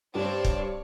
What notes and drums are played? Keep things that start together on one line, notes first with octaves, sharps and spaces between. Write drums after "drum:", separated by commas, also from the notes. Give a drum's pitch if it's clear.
G2 C4 D4 C#5 D5
drum: kick